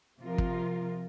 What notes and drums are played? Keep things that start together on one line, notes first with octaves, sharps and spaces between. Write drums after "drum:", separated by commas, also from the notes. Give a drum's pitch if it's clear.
C3 F3 F4 A#4
drum: kick